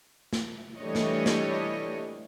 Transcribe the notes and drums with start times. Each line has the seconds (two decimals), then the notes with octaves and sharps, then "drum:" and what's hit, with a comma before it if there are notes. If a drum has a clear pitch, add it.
0.33 drum: snare
0.79 E3 G3 A3 D4 C#5 D#5
0.95 drum: snare
1.26 drum: snare